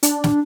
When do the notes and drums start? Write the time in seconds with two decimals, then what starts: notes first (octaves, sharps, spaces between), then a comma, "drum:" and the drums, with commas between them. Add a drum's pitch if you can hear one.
0.03 D4, drum: hi-hat
0.24 drum: snare